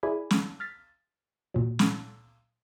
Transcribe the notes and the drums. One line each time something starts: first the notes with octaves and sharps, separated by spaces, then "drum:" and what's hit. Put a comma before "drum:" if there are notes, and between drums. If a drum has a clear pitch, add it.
E4 G#4 D5 G#5 B5
drum: snare
F6 A6 B6
A#2 F#3
drum: snare